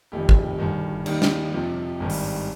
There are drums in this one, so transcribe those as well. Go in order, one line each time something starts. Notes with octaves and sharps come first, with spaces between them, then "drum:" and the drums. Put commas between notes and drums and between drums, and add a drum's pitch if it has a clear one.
F1 F2 D#3 G3 G4
drum: kick
G1 G2 D#3
D#2 D#3 G3 A#3 D#4, drum: cymbal
drum: snare
F2 C3 F3 G4
G#1 G2 D#3 G3
drum: open hi-hat